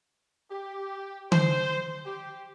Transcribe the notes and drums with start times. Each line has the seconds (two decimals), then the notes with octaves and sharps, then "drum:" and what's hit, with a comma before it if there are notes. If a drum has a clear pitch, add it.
0.51 G4
1.32 C5, drum: tom D3
2.05 G4